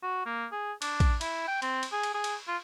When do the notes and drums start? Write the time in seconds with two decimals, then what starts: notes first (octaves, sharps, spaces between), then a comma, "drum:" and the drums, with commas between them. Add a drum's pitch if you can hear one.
0.03 F#4
0.26 A#3
0.52 G#4
0.82 D4, drum: cymbal
1.00 drum: kick, cymbal
1.21 E4, drum: cymbal
1.48 G5
1.62 C4, drum: cymbal
1.83 drum: cymbal
1.92 G#4
2.03 drum: cymbal
2.14 G#4
2.24 drum: cymbal
2.48 F4